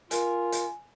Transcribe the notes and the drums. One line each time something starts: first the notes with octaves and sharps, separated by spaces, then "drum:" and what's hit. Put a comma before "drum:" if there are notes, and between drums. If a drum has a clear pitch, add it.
F4 A#4 G#5, drum: hi-hat
drum: hi-hat